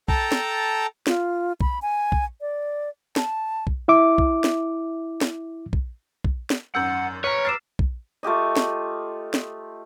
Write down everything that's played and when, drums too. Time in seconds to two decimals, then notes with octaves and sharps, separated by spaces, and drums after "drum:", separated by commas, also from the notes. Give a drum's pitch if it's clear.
0.08 A4 G5 A5 A#5, drum: kick
0.32 drum: snare
1.07 F4, drum: snare
1.61 B5, drum: kick
1.82 G#5
2.12 drum: kick
2.41 D5
3.16 A5, drum: snare
3.67 drum: kick
3.88 E4 E5 D6
4.18 drum: kick
4.44 drum: snare
5.21 drum: snare
5.73 drum: kick
6.25 drum: kick
6.50 drum: snare
6.75 G#1 F#2 F#5 E6 G6
7.24 B4 C#5 A#5 F6 B6
7.45 D6 E6 F6 A6 C7 E7
7.79 drum: kick
8.23 A3 F4 G4 D#5
8.56 drum: snare
9.34 drum: snare